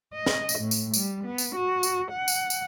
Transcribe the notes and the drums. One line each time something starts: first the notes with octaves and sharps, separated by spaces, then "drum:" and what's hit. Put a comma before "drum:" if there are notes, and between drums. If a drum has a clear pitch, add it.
D#5
drum: snare
drum: tambourine
A2
drum: tambourine
G3, drum: tambourine
B3
drum: tambourine
F#4
drum: tambourine
F#5
drum: tambourine
drum: tambourine